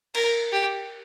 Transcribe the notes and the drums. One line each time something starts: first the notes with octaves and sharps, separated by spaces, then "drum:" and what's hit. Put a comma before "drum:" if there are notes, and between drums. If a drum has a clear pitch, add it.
A#4, drum: cymbal
G4